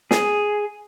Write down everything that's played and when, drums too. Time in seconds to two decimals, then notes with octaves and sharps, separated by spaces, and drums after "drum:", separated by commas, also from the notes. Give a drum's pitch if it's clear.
0.11 G#4, drum: snare